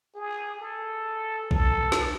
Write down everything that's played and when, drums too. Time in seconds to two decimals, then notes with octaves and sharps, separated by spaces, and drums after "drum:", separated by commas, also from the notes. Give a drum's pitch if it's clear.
0.15 G#4
0.60 A4
1.51 A4, drum: kick B1
1.92 drum: snare